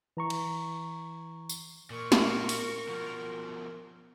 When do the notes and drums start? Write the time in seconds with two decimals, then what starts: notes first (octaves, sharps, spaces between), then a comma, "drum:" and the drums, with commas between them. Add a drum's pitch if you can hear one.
0.17 E3 A#5 C#6
0.30 drum: cymbal
1.49 drum: tambourine
1.90 A#2 A#4 C#6
2.12 drum: snare
2.49 drum: open hi-hat
2.88 B2 F3